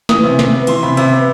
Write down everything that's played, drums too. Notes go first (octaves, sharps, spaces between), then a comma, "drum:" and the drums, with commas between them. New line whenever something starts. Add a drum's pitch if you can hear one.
E3 D#6, drum: snare
C3
C3, drum: snare
B3
E3 C6, drum: cymbal
C3 B5
C3, drum: cymbal
B3